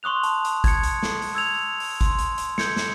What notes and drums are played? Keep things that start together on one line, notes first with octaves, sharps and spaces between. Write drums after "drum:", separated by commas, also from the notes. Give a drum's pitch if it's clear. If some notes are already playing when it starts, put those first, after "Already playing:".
C6 C#6 D#6 F#6 F7
A5, drum: hi-hat
drum: hi-hat
G#6 C#7, drum: kick, hi-hat
drum: hi-hat
drum: snare
drum: open hi-hat
E6 G#6 F7
drum: open hi-hat
C6, drum: kick, hi-hat
drum: hi-hat
drum: hi-hat
G6 G#6 C#7, drum: snare
drum: snare